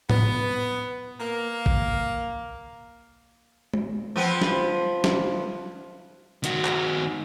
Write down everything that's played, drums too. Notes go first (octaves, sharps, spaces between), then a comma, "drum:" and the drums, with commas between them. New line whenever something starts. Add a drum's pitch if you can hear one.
B3, drum: tom A2
A#3
drum: kick
drum: tom
F3 B3 C4
drum: snare
drum: snare
D#3 F#4, drum: hi-hat
drum: clap